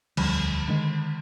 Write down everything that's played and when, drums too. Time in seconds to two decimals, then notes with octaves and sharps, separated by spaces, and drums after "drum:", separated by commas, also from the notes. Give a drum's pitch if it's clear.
0.17 E1 D2 F3 G3, drum: cymbal
0.68 D3 D#3 G#3